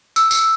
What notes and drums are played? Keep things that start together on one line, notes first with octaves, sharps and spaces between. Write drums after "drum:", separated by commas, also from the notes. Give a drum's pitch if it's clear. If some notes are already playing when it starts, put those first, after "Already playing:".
E6, drum: tambourine
drum: tambourine